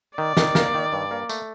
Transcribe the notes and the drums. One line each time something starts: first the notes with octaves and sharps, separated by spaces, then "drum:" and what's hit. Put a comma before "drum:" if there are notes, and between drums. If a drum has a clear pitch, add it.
D#3 D5
D#3, drum: snare
A#3, drum: snare
D#3
G2
A#3
A3, drum: tambourine